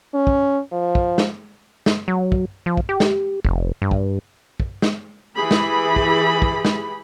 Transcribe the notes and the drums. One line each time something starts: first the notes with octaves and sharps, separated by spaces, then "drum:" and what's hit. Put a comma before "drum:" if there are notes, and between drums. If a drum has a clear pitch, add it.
C#4
drum: kick
F3
drum: kick
drum: snare
drum: snare
F#3
drum: kick
F3
drum: kick
G4
drum: snare
F1, drum: kick
G2
drum: kick
drum: kick
drum: snare
E3 G4 G#4 B5
drum: snare
drum: kick
drum: kick
drum: snare